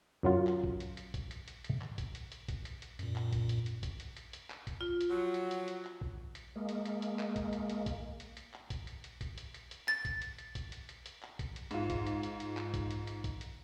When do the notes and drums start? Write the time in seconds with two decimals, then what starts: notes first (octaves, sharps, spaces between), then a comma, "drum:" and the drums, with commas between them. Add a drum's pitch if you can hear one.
0.23 F#2 F#3 F4
0.47 drum: clap
0.64 drum: kick A#1
0.80 drum: hi-hat
0.97 drum: hi-hat
1.14 drum: kick A#1, hi-hat
1.31 drum: hi-hat
1.48 drum: hi-hat
1.64 drum: hi-hat
1.81 drum: clap
1.98 drum: kick A#1, hi-hat
2.15 drum: hi-hat
2.32 drum: hi-hat
2.48 drum: kick A#1, hi-hat
2.65 drum: hi-hat
2.82 drum: hi-hat
2.99 F#2 A#2, drum: hi-hat
3.16 drum: clap
3.33 drum: kick A#1, hi-hat
3.49 drum: hi-hat
3.66 drum: hi-hat
3.83 drum: kick A#1, hi-hat
4.00 drum: hi-hat
4.17 drum: hi-hat
4.33 drum: hi-hat
4.50 drum: clap
4.67 drum: kick A#1, hi-hat
4.81 F4
5.01 drum: hi-hat
5.10 F3 F#3
5.34 drum: hi-hat
5.51 drum: hi-hat
5.68 drum: hi-hat
5.85 drum: clap
6.01 drum: kick A#1
6.35 drum: hi-hat
6.56 G#3 A#3
6.69 drum: hi-hat
6.85 drum: hi-hat
7.02 drum: hi-hat
7.19 drum: clap
7.36 drum: kick A#1, hi-hat
7.53 drum: hi-hat
7.70 drum: hi-hat
7.86 drum: kick A#1, hi-hat
8.20 drum: hi-hat
8.37 drum: hi-hat
8.54 drum: clap
8.70 drum: kick A#1, hi-hat
8.87 drum: hi-hat
9.04 drum: hi-hat
9.21 drum: kick A#1, hi-hat
9.38 drum: hi-hat
9.54 drum: hi-hat
9.71 drum: hi-hat
9.88 A6, drum: clap
10.05 drum: kick A#1, hi-hat
10.22 drum: hi-hat
10.38 drum: hi-hat
10.55 drum: kick A#1, hi-hat
10.72 drum: hi-hat
10.89 drum: hi-hat
11.06 drum: hi-hat
11.22 drum: clap
11.39 drum: kick A#1, hi-hat
11.56 drum: hi-hat
11.71 G#2 F4, drum: hi-hat
11.90 drum: kick A#1, hi-hat
12.07 drum: hi-hat
12.23 drum: hi-hat
12.40 drum: hi-hat
12.57 drum: clap
12.74 drum: kick A#1, hi-hat
12.91 drum: hi-hat
13.07 drum: hi-hat
13.24 drum: kick A#1, hi-hat
13.41 drum: hi-hat